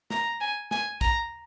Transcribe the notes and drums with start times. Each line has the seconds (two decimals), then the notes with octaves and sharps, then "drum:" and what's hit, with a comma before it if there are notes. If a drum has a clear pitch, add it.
0.10 A#5, drum: snare
0.40 G#5
0.71 G#5, drum: snare
1.01 A#5, drum: kick, hi-hat